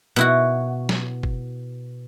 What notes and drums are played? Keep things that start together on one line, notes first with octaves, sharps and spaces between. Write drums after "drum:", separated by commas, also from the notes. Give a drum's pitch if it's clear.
B2 E4 F#4
drum: snare
drum: kick